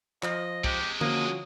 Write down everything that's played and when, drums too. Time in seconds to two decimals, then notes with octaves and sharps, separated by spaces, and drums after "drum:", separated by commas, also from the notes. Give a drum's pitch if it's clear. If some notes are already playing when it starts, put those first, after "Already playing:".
0.23 F3 D#5, drum: clap
0.64 C3 G#3 G4, drum: kick
1.01 F3 A#3 C#4 F#4 D#6, drum: tom D3